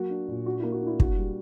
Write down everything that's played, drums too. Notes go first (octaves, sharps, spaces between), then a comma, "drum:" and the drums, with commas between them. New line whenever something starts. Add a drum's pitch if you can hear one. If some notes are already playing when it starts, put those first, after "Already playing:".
Already playing: F#3 A#3 F#4
D4
A#2
D4 F#4
E4
A#3
F#4
D4 E4
A#3 F#4, drum: kick
G3